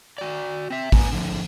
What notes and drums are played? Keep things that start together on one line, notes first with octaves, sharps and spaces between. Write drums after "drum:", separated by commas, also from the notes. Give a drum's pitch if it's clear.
F#4 D5
C4 E5
A#2 B4 G#5 A#5, drum: kick, open hi-hat
D3 F3